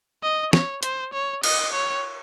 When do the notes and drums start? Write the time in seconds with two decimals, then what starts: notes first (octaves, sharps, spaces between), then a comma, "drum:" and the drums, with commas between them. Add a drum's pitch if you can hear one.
0.23 D#5
0.53 C#5, drum: snare
0.83 C5, drum: hi-hat
1.13 C#5
1.43 D#5, drum: cymbal
1.73 C#5